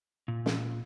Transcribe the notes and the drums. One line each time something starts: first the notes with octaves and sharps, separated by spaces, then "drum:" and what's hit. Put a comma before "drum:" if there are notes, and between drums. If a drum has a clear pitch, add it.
A#2
drum: snare